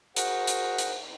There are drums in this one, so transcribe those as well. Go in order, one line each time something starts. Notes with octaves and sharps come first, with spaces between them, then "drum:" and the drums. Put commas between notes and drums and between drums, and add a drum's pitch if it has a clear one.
F#4 G#4 A#4 C5 F#5, drum: hi-hat
drum: hi-hat
drum: hi-hat